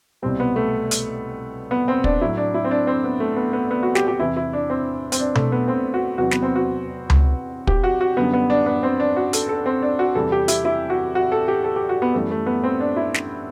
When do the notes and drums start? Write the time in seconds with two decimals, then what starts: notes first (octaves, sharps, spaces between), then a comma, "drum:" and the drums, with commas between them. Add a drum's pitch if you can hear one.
0.22 C2 B2 G3 C4
0.40 B3
0.56 A3
0.91 drum: hi-hat
1.71 B3
1.88 C4
2.04 D4, drum: kick
2.21 A2 F#3 E4
2.37 D4
2.54 E4
2.64 C4
2.71 D4
2.87 C4
3.04 B3
3.20 A3
3.36 B3
3.53 B3
3.71 B3
3.83 F#4
3.95 G4, drum: snare
4.08 G4
4.19 E2 C3 E3 E4
4.37 E4
4.53 D4
4.70 C4
5.12 C4, drum: hi-hat
5.20 D4
5.35 A3, drum: tom B2
5.52 B3
5.68 C4
5.94 F#4
6.18 E2 C3 F#3 F#4
6.31 B3, drum: snare
6.43 C4
6.56 F#4
7.10 drum: tom C#2
7.67 G4, drum: kick
7.84 F#4
8.01 F#4
8.17 F#2 D3 G3 B3
8.33 B3
8.50 D4
8.66 B3
8.83 C4
9.00 D4
9.16 F#4
9.33 A4, drum: hi-hat
9.49 A4
9.66 C4
9.82 D4
9.99 F#4
10.15 E2 C3 E3 G3 A4
10.32 G4
10.48 E4, drum: hi-hat
10.65 E4
10.90 F#4
11.15 F#4
11.32 A4
11.48 G4
11.64 A4
11.76 G4
11.89 F#4
12.02 B3
12.14 F#2 E3 G3 A3
12.31 A3
12.46 B3
12.64 C4
12.80 D4
12.96 E4
13.14 drum: snare